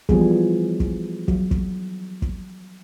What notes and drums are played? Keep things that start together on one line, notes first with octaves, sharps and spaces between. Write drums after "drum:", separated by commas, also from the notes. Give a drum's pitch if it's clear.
E3 F3 G3 B3 G#4, drum: kick
drum: kick
F#3, drum: kick
drum: kick
drum: kick